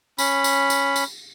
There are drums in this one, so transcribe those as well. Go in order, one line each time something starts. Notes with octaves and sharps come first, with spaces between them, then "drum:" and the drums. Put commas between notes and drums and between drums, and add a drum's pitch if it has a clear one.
C#4 B5, drum: tambourine
drum: tambourine
drum: tambourine
drum: tambourine